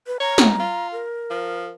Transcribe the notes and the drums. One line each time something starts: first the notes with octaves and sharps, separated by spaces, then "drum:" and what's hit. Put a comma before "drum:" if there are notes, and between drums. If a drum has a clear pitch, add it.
B4
C#5 A#5
drum: snare
F4
A#4
F3